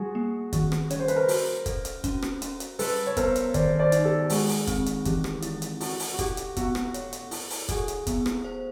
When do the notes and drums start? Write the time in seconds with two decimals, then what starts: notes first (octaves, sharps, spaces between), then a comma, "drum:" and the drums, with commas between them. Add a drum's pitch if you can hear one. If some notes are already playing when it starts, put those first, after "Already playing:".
Already playing: G3 F#4 G#4
0.15 A#3
0.53 D#3 F#4, drum: kick, hi-hat
0.72 drum: rim click
0.90 C#4 C#5, drum: hi-hat
1.00 C5
1.08 B4, drum: hi-hat
1.16 A#4 C5
1.28 F#4, drum: open hi-hat
1.66 A4, drum: kick, hi-hat
1.85 drum: hi-hat
2.04 C#4, drum: kick, hi-hat
2.22 drum: rim click
2.42 C#4, drum: hi-hat
2.60 drum: hi-hat
2.79 G3 A4 B4, drum: open hi-hat
3.07 C#5
3.17 B3 A#4 C5, drum: kick, hi-hat
3.36 drum: hi-hat
3.54 D#3 C5 D5, drum: kick, hi-hat
3.79 C5 D5
3.92 D#4, drum: hi-hat
4.04 G4 A4
4.30 G#3 F#4 G#4, drum: open hi-hat
4.49 drum: open hi-hat
4.67 C4, drum: kick, hi-hat
4.86 drum: hi-hat
5.05 E3 G4, drum: kick, hi-hat
5.24 drum: rim click
5.42 E4, drum: hi-hat
5.62 drum: hi-hat
5.81 E4 F#4, drum: open hi-hat
5.99 drum: open hi-hat
6.13 F#4
6.19 G4 A4, drum: kick, hi-hat
6.37 drum: hi-hat
6.56 B3 F#4, drum: kick, hi-hat
6.75 drum: rim click
6.94 C#5, drum: hi-hat
7.13 drum: hi-hat
7.31 E4, drum: open hi-hat
7.50 drum: open hi-hat
7.69 F#4 G#4 A4, drum: kick, hi-hat
7.88 drum: hi-hat
8.07 B3, drum: kick, hi-hat
8.26 drum: rim click
8.45 C5